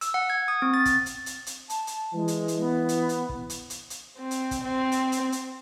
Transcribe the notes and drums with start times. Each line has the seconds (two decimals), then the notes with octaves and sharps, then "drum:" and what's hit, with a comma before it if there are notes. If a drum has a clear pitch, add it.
0.01 E6, drum: hi-hat
0.14 F#5
0.30 G#6
0.48 D#6
0.62 C4
0.74 A6
0.86 A6, drum: kick, hi-hat
1.06 drum: hi-hat
1.26 drum: hi-hat
1.46 drum: hi-hat
1.70 A5, drum: hi-hat
1.87 drum: hi-hat
2.14 E3 G#3
2.28 drum: hi-hat
2.48 drum: hi-hat
2.60 B3
2.89 drum: hi-hat
3.09 drum: hi-hat
3.29 drum: kick
3.50 drum: hi-hat
3.70 drum: hi-hat
3.90 drum: hi-hat
4.17 C4
4.31 drum: hi-hat
4.51 drum: kick, hi-hat
4.64 C4
4.92 drum: hi-hat
5.12 drum: hi-hat
5.32 drum: hi-hat